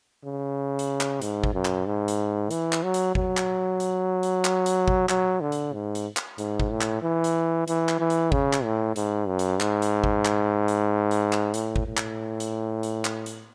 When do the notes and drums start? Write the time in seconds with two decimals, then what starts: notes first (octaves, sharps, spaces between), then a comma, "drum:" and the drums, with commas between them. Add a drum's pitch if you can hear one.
0.25 C#3
0.79 drum: hi-hat
1.01 drum: clap
1.22 G#2, drum: hi-hat
1.44 drum: kick G#1
1.54 F#2
1.65 drum: clap
1.86 G#2
2.08 drum: hi-hat
2.51 E3, drum: hi-hat
2.73 drum: clap
2.83 F#3
2.94 drum: hi-hat
3.15 F#3, drum: kick G#1
3.37 drum: clap
3.80 drum: hi-hat
4.23 drum: hi-hat
4.45 drum: clap
4.66 drum: hi-hat
4.88 drum: kick G#1
5.09 F#3, drum: clap
5.41 D3
5.52 drum: hi-hat
5.73 G#2
5.95 drum: hi-hat
6.17 drum: clap
6.38 G#2, drum: hi-hat
6.60 drum: kick G#1
6.71 A2
6.81 drum: clap
7.02 E3
7.24 drum: hi-hat
7.68 E3, drum: hi-hat
7.89 drum: clap
8.00 E3
8.10 drum: hi-hat
8.32 C#3, drum: kick G#1
8.53 drum: clap
8.64 A2
8.96 G#2, drum: hi-hat
9.28 F#2
9.39 drum: hi-hat
9.60 G#2, drum: clap
9.82 drum: hi-hat
10.04 drum: kick G#1
10.25 drum: clap
10.68 drum: hi-hat
11.11 drum: hi-hat
11.33 drum: clap
11.54 A2, drum: hi-hat
11.76 drum: kick G#1
11.87 A2
11.97 drum: clap
12.40 drum: hi-hat
12.83 drum: hi-hat
13.05 drum: clap
13.26 drum: hi-hat